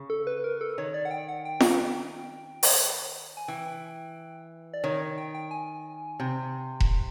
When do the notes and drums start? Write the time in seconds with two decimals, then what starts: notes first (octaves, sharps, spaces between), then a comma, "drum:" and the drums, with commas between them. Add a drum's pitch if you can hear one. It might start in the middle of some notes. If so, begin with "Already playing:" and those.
Already playing: C#3
0.10 A4
0.27 B4
0.44 A#4
0.61 A4
0.78 D#3 C#5
0.94 D5
1.05 F#5
1.11 G5
1.28 F#5
1.45 G5
1.60 drum: snare F4
2.63 drum: open hi-hat
3.37 G#5
3.48 E3 G5
4.74 D5
4.84 D#3 C#5
5.18 G5
5.35 G5
5.51 G#5
6.20 C3
6.80 drum: kick E1